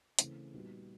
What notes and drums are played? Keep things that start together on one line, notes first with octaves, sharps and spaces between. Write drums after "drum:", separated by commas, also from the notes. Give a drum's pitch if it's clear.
C#3 E3 A3 C4, drum: hi-hat
A#2 G3 B3 D#4 F#4